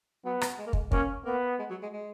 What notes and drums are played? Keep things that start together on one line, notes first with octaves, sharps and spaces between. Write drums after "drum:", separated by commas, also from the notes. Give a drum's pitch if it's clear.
F#3 B3
drum: rim click
G#3
A#3
G#3, drum: kick
A#3 C#4, drum: kick
A#3 B3
G#3
F#3
G#3
G#3